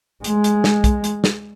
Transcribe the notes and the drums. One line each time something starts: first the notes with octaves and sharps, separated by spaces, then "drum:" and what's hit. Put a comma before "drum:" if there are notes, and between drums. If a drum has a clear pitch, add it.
G#3, drum: hi-hat
drum: hi-hat
drum: snare
drum: kick, hi-hat
drum: hi-hat
drum: snare